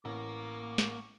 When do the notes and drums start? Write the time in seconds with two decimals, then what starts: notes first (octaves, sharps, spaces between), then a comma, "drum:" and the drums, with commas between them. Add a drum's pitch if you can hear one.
0.05 A1 A#3 A#4 C#6 D6
0.78 drum: snare